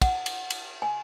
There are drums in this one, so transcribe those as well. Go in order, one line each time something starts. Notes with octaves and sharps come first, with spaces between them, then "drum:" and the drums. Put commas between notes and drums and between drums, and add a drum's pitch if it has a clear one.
F#5, drum: kick, cymbal
drum: cymbal
drum: cymbal
G#5